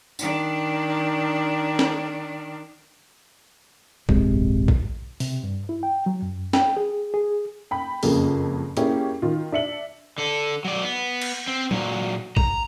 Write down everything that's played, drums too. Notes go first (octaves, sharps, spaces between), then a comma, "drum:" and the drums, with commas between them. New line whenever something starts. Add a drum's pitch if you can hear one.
D#3 D4, drum: tambourine
drum: snare
D1 G1 C3 G#3, drum: kick A#1
drum: kick A#1
C3, drum: open hi-hat
G2
E4
G5
F#3
F#2
G5, drum: snare
G#4
G#4
G5 B5
F#1 F2 C#3 A#3 G#4, drum: open hi-hat
A#3 C#4 E4 G4 G#4 C#5, drum: hi-hat
D#3 F4
D4 E5 C#7 F#7
D3 A4
F#3 D5
B3
drum: cymbal
C4
A#2 F#3, drum: tom F#3
A#5, drum: kick A#1